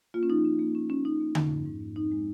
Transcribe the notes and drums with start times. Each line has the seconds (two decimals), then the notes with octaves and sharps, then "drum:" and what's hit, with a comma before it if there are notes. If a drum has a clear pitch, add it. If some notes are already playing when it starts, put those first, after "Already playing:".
0.14 A#3 F4
0.23 C#4
0.29 F3 D#4
0.45 C#4
0.59 A#3
0.75 C#4
0.90 A#3 C#4
1.05 C#4 D#4
1.20 A#3
1.35 F2, drum: tom D3
1.50 F3
1.66 G#2
1.81 A#3
1.96 C4 D#4
2.12 G#3